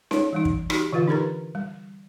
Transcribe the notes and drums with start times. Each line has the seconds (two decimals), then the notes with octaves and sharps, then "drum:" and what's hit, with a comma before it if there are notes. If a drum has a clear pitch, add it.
0.11 D#4 C#5, drum: snare C#4
0.33 E3 G3 D#4
0.45 drum: kick
0.70 D#4 F#4 G4, drum: rim click
0.93 D3 E3 F4 B4 F5
1.08 D4 D#4 G4 A#4 B4 A#5
1.55 G3